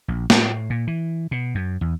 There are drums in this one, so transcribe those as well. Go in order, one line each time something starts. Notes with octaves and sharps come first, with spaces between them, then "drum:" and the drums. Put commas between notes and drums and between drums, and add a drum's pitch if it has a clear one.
A#1
A2, drum: snare
A#2
E3
B2
F#2
E2